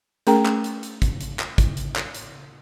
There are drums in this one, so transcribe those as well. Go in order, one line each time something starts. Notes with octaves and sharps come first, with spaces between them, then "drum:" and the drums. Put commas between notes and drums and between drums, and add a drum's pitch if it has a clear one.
A3 C#4 G#4 A#4 G5 A#5, drum: hi-hat
drum: clap
drum: hi-hat
drum: hi-hat
drum: kick G#1, hi-hat
drum: hi-hat
drum: clap
drum: kick G#1, hi-hat
drum: hi-hat
drum: clap
drum: hi-hat